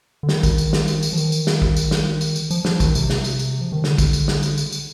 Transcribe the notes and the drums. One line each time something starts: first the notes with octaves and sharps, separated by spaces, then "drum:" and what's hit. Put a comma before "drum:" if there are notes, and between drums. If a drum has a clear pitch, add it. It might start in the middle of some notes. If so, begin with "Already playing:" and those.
D3
D#3, drum: snare
drum: kick, tambourine
drum: tambourine
drum: snare
drum: tambourine
drum: tambourine
F3
D#3, drum: tambourine
drum: tambourine
drum: snare
drum: kick
drum: tambourine
drum: snare
drum: tambourine
drum: tambourine
F3, drum: tambourine
F3, drum: snare
D#3, drum: kick, tambourine
C3, drum: tambourine
drum: snare
drum: tambourine
drum: tambourine
F3
D#3
D3, drum: snare
drum: kick, tambourine
drum: tambourine
drum: snare
drum: tambourine
drum: tambourine
drum: tambourine